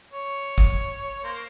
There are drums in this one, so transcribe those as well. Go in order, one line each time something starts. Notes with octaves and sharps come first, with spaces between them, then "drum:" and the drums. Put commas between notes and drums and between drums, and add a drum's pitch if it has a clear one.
C#5
drum: kick
A#3 C5